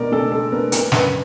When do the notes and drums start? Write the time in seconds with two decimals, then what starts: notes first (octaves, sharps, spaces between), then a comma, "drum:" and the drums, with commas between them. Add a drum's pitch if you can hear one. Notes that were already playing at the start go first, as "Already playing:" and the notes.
Already playing: B2 G#3 A#4 D5
0.12 B2 A4
0.32 G#3 A4
0.52 B3 A#4
0.72 B3 A#4, drum: hi-hat
0.92 F#2 B4, drum: snare